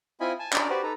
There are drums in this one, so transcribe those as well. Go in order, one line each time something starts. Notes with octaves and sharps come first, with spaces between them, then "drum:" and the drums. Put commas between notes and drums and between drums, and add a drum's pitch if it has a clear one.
C4 E4 F4 D#5 G#5 B5
G#5 A5
C#4 D4 D5 A#5, drum: clap
F#4 G4 B4 C5 D5
D#4 A4 B4 A#5